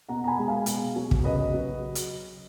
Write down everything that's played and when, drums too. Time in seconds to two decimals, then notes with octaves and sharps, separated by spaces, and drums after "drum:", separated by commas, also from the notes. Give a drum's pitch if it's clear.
0.09 B2 F#5 A#5
0.24 A#5
0.27 G#5 B5
0.38 G#3
0.48 F5 G#5
0.66 B2, drum: hi-hat
0.96 F#3
1.11 drum: kick
1.24 C#3 B4 D#5
1.54 F#3
1.95 drum: hi-hat